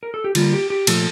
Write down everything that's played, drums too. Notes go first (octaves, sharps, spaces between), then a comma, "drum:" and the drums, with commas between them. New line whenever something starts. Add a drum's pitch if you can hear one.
A#4
A4
G4
D3 G3 A#3 F4, drum: cymbal
G4
G4
A#2 F3 A3 A4, drum: cymbal